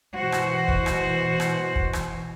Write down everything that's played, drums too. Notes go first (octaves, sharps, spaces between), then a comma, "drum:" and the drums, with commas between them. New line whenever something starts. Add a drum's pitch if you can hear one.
B2 E3 F#4 C5
drum: rim click
drum: kick
drum: rim click
drum: rim click
drum: kick
drum: rim click